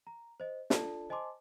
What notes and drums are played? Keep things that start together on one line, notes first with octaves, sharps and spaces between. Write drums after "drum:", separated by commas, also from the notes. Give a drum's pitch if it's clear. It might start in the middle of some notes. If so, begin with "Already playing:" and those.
A#5
C5 D#5
D4 F4 A4 D5 A5, drum: snare
C5 D#5 G#5 A5 C6 D6